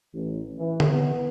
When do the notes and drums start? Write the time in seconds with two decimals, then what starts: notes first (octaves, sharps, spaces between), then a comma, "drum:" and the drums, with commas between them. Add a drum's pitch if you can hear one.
0.14 A1
0.59 E3
0.80 drum: tom D3
0.90 B3